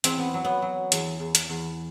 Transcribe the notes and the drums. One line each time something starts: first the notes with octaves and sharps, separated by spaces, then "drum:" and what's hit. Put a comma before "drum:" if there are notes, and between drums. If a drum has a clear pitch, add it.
E2 C4, drum: hi-hat
B3
F#3
B3
F#3
E2, drum: hi-hat
E2
drum: hi-hat
E2